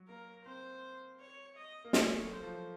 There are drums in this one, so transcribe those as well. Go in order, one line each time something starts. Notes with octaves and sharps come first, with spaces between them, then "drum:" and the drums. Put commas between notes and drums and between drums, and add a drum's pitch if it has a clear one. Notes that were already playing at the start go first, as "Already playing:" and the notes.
Already playing: F#3
A#3 A#4
C4 C5
C#5
D#5
A#3
A3 C#5, drum: snare
F#3
C5
F3